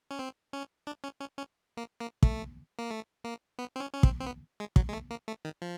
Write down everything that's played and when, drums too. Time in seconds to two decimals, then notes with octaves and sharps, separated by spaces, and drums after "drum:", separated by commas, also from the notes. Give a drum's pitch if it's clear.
0.11 C#4
0.19 C4
0.53 C#4
0.87 D4
1.04 C#4
1.20 C#4
1.38 C#4
1.77 A#3
2.00 A#3
2.23 A3, drum: kick
2.79 A#3
2.91 A3
3.24 A#3
3.59 B3
3.76 C4
3.80 C#4
3.94 C#4
4.03 C4, drum: kick
4.20 C4
4.26 B3
4.60 G#3
4.76 F#3, drum: kick
4.89 G#3
4.93 A3
5.11 A#3
5.28 A3
5.45 D#3
5.62 F3